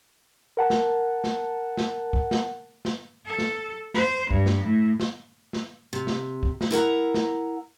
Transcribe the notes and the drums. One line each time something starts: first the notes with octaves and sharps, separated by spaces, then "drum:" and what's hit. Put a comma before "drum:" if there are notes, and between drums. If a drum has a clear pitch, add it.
A#4 F#5 A5
drum: snare
drum: snare
drum: snare
drum: kick
drum: snare
drum: snare
A4
drum: snare
C5, drum: snare
G2, drum: kick
drum: snare
A2
drum: snare
drum: snare
C3
drum: snare
drum: kick
drum: snare
E4 A#4 F#5 A#5
drum: snare